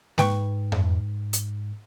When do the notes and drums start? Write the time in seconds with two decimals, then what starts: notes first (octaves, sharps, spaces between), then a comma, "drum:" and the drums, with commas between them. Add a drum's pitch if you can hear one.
0.18 G#2 B4 G5 C#6, drum: snare G#3
0.72 drum: tom F2
1.33 drum: hi-hat